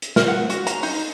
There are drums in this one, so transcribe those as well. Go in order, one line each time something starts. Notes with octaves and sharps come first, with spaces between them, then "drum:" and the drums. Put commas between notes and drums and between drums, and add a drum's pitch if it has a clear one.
drum: hi-hat
A#4, drum: snare
F#5
F#4, drum: hi-hat
A#5, drum: hi-hat
D#4, drum: open hi-hat